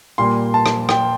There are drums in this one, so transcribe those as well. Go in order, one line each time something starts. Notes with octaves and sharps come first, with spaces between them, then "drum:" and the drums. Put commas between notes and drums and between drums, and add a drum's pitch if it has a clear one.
A#2 G3 A#3 C6
A5
drum: rim click
G5, drum: rim click